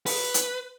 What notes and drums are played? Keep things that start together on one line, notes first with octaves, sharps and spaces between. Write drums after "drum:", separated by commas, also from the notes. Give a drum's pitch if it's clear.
B4, drum: open hi-hat
drum: hi-hat